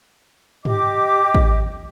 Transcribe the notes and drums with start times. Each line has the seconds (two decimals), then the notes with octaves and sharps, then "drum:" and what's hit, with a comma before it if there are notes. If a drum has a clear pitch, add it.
0.65 G4 D#5 D6, drum: tom
1.35 drum: kick